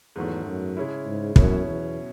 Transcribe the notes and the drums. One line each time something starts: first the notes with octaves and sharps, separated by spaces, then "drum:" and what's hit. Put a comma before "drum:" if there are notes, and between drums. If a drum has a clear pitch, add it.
E2 G#2 D#3 F#3 A3
F#2
C#3 G#3 C#4 E4
G#2
F#2 B2 F#3 C#4 E4, drum: kick
E2